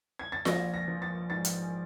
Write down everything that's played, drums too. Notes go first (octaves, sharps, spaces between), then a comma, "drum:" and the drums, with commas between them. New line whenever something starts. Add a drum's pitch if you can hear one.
G#6
A6
A#1 A#6, drum: snare F4
A#6
F3
A6
G#2 A6
drum: hi-hat